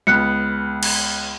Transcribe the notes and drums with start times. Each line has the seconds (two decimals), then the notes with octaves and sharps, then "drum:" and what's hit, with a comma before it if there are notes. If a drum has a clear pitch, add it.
0.07 C#2 B3 F#6 C#7
0.83 drum: cymbal